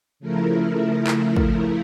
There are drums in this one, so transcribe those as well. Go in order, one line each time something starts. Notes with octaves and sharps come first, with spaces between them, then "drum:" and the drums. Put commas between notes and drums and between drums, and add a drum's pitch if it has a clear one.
C#3 F3 A3 E4 A#4
drum: clap
drum: kick